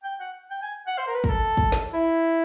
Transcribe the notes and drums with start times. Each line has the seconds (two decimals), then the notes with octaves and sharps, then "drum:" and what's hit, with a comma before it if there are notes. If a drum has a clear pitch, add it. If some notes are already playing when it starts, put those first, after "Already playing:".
0.04 G5
0.20 F#5
0.51 G5
0.63 G#5
0.87 F#5
0.98 C5
1.07 A#4
1.15 B4
1.24 A#4, drum: kick
1.30 A4
1.57 drum: kick
1.72 drum: snare
1.93 E4